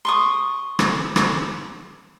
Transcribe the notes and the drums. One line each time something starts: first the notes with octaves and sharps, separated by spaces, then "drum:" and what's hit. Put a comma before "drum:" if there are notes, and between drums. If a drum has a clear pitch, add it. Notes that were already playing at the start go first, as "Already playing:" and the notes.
C6 C#6 D#6
drum: rim click
drum: rim click